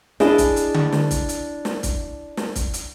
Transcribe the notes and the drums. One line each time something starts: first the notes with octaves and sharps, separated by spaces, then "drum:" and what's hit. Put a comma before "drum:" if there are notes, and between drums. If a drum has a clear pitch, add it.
D4 E4 G#4 D#5, drum: snare
drum: kick, hi-hat
drum: hi-hat
drum: tom D3
drum: snare
drum: kick, hi-hat
drum: hi-hat
drum: snare
drum: kick, hi-hat
drum: snare
drum: kick, hi-hat
drum: hi-hat